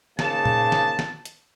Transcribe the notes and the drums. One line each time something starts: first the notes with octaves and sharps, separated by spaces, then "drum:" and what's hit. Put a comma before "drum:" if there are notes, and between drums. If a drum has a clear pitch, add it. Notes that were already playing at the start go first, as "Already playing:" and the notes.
G#2 C#3 A#3 A5, drum: snare
drum: tom A#2
drum: snare
drum: snare
drum: hi-hat